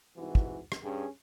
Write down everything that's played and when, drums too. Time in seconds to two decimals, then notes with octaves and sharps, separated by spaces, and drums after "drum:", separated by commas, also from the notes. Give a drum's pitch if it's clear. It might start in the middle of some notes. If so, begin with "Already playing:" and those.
0.17 C2 G#2 E3 F#4
0.35 drum: kick
0.72 drum: rim click
0.84 G2 C#4 G#4